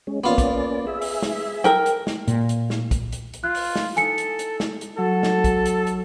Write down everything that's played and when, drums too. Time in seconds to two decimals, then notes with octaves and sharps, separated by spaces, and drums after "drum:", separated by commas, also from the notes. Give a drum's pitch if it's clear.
0.07 G#3 C#4
0.24 A#3 B3 C#4 F4 D5
0.38 drum: kick, hi-hat
0.87 G#4 E5
1.01 drum: open hi-hat
1.22 drum: snare
1.64 A#4 G5, drum: hi-hat
1.86 drum: hi-hat
2.07 drum: snare
2.27 A#2, drum: hi-hat
2.49 drum: hi-hat
2.70 drum: snare
2.91 drum: kick, hi-hat
3.12 drum: hi-hat
3.33 drum: hi-hat
3.44 F4 F#6
3.54 drum: open hi-hat
3.76 drum: snare
3.97 D#4 E4 A4 G#5 C#7, drum: hi-hat
4.18 drum: hi-hat
4.39 drum: hi-hat
4.60 drum: snare
4.81 drum: hi-hat
4.98 F#3 A4
5.23 drum: snare
5.44 drum: kick, hi-hat
5.65 drum: hi-hat
5.87 drum: hi-hat